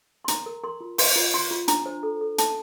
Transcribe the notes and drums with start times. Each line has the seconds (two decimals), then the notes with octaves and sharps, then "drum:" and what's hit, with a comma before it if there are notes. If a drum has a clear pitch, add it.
0.25 C6
0.28 A#4 A#5, drum: hi-hat
0.46 A#4
0.64 A#4 C6
0.81 F4
0.98 A#4 C6, drum: open hi-hat
1.16 F4
1.34 F4 C6
1.51 F4
1.68 D4 A#5, drum: hi-hat
1.86 C5
2.03 A4
2.21 A4
2.38 A4 A5, drum: hi-hat